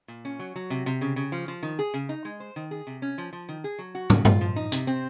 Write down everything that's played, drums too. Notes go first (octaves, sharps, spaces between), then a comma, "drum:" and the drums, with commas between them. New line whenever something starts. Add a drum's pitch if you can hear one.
A#2
C#4
F#3
F#3
C3
C3
C#3
C#3
F3
F3
D#3
G#4
C#3
D#4
G#3
C5
D#3
G#4
C3
C#4
F3
F3
D#3
G#4
F#3
F#4
C#3, drum: tom
F4, drum: tom G2
F3
D#4
C3, drum: hi-hat
C4